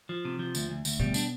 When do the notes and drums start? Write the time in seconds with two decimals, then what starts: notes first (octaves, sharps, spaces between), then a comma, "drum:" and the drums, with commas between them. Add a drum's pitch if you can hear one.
0.09 F3
0.25 C3
0.39 F3
0.55 D2, drum: tambourine
0.69 D2
0.85 D2, drum: tambourine
0.99 B2 G3
1.14 D4, drum: tambourine